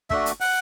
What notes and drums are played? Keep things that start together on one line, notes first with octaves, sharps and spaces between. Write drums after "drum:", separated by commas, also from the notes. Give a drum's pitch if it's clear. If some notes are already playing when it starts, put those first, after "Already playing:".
A3 D4 F#4 E5, drum: kick
drum: hi-hat
F#5, drum: open hi-hat